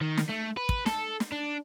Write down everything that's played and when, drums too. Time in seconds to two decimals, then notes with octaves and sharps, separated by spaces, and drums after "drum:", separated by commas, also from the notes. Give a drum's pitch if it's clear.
0.02 D#3
0.17 drum: snare
0.29 A3
0.57 B4
0.69 drum: kick
0.86 A4, drum: snare
1.20 drum: snare
1.32 D4